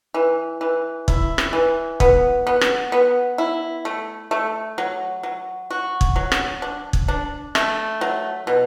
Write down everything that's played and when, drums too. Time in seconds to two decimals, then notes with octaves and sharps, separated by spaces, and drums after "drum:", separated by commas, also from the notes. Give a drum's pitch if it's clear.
0.14 E3
0.61 E3
1.08 E4, drum: kick
1.38 drum: rim click
1.53 E3
2.00 B3, drum: kick
2.47 B3
2.61 drum: rim click
2.92 B3
3.38 E4
3.85 A3
4.31 A3
4.78 F#3
5.23 F#3
5.70 F#4
6.01 drum: kick
6.16 F#3
6.32 drum: rim click
6.62 D4
6.93 drum: kick
7.08 D4
7.55 A3, drum: rim click
8.01 F#3
8.47 B2